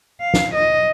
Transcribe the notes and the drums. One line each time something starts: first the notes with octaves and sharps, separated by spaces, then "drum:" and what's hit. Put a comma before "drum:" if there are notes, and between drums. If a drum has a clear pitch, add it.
F5
drum: snare
D#5